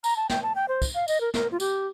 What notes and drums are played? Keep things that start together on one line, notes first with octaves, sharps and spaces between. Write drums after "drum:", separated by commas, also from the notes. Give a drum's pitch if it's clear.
A#5, drum: tambourine
A5
G5, drum: snare
A5
G5
C5
drum: kick, tambourine
F5
D#5, drum: tambourine
A#4
A#4, drum: snare
F4
G4, drum: tambourine